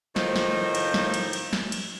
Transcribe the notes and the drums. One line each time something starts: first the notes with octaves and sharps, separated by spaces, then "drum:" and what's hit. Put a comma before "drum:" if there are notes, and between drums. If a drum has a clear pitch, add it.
A2 D#3 F3 D#4 C5, drum: snare
drum: snare
drum: cymbal
drum: snare
drum: cymbal
drum: cymbal
drum: snare
drum: cymbal